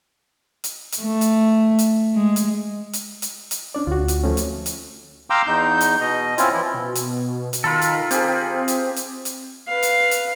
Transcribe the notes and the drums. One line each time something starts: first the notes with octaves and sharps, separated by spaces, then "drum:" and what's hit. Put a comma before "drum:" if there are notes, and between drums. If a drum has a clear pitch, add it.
drum: hi-hat
drum: hi-hat
A3
drum: hi-hat
drum: hi-hat
G#3
drum: hi-hat
drum: hi-hat
drum: hi-hat
drum: hi-hat
C#4 D4 D5
D2 F4 F#4
drum: hi-hat
F3 A3 C#4
drum: hi-hat
drum: hi-hat
F5 G5 A#5 C6 D6 E6
E2 D#4 G6
drum: hi-hat
B2 D#5
C4 C#4 E4 F4, drum: hi-hat
E3 F3 E4
B2
drum: hi-hat
drum: hi-hat
D#3 F4 A4 A#4 B5 E6
drum: hi-hat
C4 G4 G#4, drum: hi-hat
drum: hi-hat
drum: hi-hat
drum: hi-hat
B4 F5
drum: hi-hat
drum: hi-hat